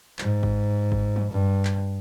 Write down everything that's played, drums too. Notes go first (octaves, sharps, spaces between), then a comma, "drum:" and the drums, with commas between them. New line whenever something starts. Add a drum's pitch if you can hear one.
G#2, drum: clap
drum: kick G1
drum: kick G1
drum: tom
G2
drum: clap